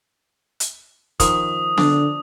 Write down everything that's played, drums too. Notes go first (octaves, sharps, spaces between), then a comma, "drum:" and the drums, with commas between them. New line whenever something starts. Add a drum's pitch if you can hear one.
drum: hi-hat
D#3 F3 D#6, drum: kick, hi-hat
D3 D4, drum: snare B3